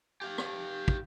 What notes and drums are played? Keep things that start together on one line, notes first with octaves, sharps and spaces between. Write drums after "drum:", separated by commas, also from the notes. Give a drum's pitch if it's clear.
G4 F5
drum: rim click
drum: kick